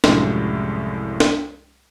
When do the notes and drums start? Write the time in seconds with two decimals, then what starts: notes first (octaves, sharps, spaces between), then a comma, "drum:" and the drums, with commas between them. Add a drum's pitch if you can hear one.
0.04 C2 F#2 A2 F3 G#3, drum: snare
1.20 drum: snare